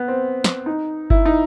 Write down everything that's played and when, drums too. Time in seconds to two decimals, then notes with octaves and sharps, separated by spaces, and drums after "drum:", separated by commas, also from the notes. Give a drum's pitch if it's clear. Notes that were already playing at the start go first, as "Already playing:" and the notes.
Already playing: B3
0.08 C4
0.44 drum: snare
0.66 D#4
1.10 E4, drum: kick G1
1.26 D#4